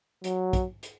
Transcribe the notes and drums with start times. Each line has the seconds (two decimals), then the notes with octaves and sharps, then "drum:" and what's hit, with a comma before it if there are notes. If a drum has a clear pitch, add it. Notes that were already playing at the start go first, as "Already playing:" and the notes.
0.24 F#3, drum: hi-hat
0.53 drum: kick, hi-hat
0.83 drum: hi-hat